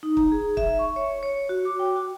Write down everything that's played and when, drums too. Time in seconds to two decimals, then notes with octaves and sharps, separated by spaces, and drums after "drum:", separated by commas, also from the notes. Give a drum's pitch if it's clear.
0.03 D#4
0.17 A#5, drum: kick
0.32 G#4
0.57 E5, drum: kick
0.79 C#6
0.96 C#5
1.23 C#5
1.49 F#4
1.65 D6
1.79 G5
1.96 F#4